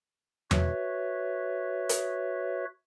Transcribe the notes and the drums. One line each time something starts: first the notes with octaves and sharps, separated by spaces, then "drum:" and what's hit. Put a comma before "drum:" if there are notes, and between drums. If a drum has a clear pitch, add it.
F#4 B4 C#5 E5, drum: tom E2
drum: hi-hat